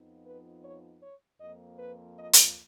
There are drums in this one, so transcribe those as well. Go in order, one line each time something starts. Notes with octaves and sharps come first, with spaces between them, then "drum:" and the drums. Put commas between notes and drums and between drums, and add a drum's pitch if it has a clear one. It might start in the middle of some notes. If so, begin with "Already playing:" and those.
Already playing: F2 F3 B3 D#4
B4
C#5
C#5
F2 F3 A#3 D#5
B4
D#5
drum: hi-hat